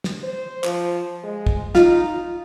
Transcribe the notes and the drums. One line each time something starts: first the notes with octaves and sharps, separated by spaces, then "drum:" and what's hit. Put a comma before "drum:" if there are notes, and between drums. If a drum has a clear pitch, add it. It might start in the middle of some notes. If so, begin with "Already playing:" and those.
drum: snare
C5
F3, drum: clap
G#3
drum: kick
D#4 F4, drum: snare